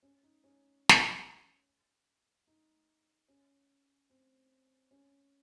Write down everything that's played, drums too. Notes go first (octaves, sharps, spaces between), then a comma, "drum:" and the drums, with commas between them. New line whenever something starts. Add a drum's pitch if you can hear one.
C#4
D#4
C#4
drum: snare
D#4
C#4
C4
C#4